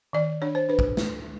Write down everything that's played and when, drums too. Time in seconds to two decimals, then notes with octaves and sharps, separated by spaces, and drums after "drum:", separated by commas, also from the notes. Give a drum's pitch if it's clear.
0.13 D#3 D5
0.42 D4 C#5
0.55 C5
0.69 D4 B4
0.79 drum: kick
0.97 drum: snare